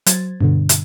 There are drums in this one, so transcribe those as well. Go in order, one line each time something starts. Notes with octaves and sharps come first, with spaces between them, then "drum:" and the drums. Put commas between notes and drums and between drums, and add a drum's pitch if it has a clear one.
F#3 C5 G#6 A6, drum: hi-hat
G2 B2 D3
drum: hi-hat